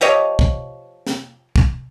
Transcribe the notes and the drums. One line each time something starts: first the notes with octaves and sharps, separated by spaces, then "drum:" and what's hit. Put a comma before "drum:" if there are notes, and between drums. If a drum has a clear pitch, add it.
F3 G4 C#5 D#5
drum: kick
drum: snare
drum: kick